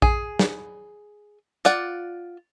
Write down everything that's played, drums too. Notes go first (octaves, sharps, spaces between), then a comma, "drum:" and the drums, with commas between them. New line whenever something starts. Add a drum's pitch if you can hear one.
G#4, drum: kick A#1
drum: snare
F4 D5 F#5, drum: hi-hat